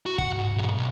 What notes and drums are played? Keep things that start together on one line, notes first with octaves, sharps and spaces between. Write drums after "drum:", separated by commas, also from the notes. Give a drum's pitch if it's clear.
F#4
F#5, drum: kick
G#2
B1 G#2
B1